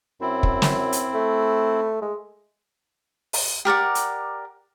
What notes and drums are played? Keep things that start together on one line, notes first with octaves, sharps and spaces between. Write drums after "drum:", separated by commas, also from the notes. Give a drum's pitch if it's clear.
F#2 C4 E4
drum: kick
drum: snare
drum: hi-hat
A3
G#3
drum: open hi-hat
G4 A#4 D5 F#5
drum: hi-hat